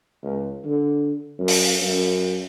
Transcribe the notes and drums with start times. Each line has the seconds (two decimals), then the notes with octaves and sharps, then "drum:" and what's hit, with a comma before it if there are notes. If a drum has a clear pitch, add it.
0.23 C#2
0.64 D3
1.39 F#2
1.48 drum: open hi-hat
1.82 F#2